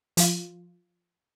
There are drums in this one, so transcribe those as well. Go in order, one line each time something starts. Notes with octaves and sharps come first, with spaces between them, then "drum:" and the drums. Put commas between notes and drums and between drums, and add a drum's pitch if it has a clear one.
F3 F4, drum: hi-hat